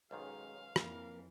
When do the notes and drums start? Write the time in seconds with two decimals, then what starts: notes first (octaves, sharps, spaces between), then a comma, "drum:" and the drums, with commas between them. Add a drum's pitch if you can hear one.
0.11 B1 G#2 D#3 G#3 C#4 F5
0.76 F2 E3 A#3 A#4, drum: rim click